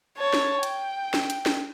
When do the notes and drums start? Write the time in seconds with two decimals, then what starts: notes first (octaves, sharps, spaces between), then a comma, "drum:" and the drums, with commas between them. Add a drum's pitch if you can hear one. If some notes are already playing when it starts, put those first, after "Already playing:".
0.17 C#5 A5
0.33 drum: snare
0.63 G5, drum: hi-hat
1.14 drum: snare
1.30 drum: hi-hat
1.46 drum: snare